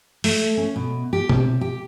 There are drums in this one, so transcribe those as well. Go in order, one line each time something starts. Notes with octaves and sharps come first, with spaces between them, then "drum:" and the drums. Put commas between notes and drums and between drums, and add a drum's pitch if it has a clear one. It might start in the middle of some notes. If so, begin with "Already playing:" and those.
A3, drum: open hi-hat
C#4
B2
G4
C3, drum: tom B2
G4